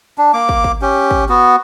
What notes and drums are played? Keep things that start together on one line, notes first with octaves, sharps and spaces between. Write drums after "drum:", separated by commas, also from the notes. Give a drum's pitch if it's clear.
D4
A#3 D6
drum: kick
drum: kick
C#4 G4
drum: kick
B3 F#4